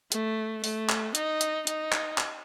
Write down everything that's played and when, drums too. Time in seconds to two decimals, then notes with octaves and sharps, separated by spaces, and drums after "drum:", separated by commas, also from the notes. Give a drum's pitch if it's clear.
0.12 A3, drum: hi-hat
0.64 A3, drum: open hi-hat
0.89 drum: clap
1.15 D#4, drum: hi-hat
1.41 drum: hi-hat
1.67 D#4, drum: hi-hat
1.92 drum: clap
2.18 drum: clap